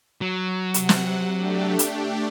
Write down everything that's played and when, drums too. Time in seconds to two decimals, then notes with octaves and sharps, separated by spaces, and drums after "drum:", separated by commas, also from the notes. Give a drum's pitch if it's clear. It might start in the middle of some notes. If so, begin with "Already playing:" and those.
0.21 F#3
0.74 C3 F#5, drum: hi-hat
0.89 drum: snare
1.35 A3 D4 G4
1.79 drum: hi-hat